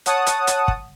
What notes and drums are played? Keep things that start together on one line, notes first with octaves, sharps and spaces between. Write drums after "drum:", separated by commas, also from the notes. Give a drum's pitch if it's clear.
C#5 F#5 A5 D#6, drum: hi-hat
drum: hi-hat
drum: hi-hat
drum: kick